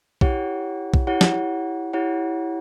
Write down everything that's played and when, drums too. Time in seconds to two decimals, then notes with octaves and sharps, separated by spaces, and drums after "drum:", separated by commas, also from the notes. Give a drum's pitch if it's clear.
0.21 E4 G4 C#5 F#5, drum: kick B1
0.94 drum: kick B1
1.07 E4 G4 C#5 F#5
1.21 drum: snare
1.93 E4 G4 C#5 F#5